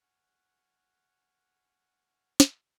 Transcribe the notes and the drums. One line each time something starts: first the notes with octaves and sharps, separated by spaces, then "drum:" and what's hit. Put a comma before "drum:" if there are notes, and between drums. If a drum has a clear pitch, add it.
F#5 G#5 C#6 F6 F#6
drum: snare